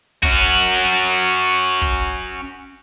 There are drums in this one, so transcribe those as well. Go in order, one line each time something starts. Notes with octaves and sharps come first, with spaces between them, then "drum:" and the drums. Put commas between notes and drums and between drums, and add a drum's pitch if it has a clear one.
C#4 F#4, drum: kick
drum: kick